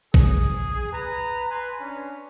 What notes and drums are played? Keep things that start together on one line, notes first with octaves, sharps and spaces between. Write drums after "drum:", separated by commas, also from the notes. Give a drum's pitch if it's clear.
G#4, drum: kick
B4 A#5
B4 G#5 C6
C#4 D4